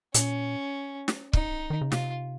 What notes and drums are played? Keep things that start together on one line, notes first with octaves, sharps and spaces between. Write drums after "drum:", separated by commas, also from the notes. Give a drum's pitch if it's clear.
A#2 C#4, drum: hi-hat
drum: snare
D#4, drum: kick
D#3
C#3
C3 F4, drum: snare